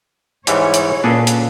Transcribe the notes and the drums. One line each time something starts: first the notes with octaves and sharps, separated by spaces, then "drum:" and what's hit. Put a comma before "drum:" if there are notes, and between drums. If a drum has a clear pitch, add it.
G#2 E3 G3 C#5, drum: hi-hat
drum: hi-hat
A#2 C#4 D4 G#4 A4 B4
drum: hi-hat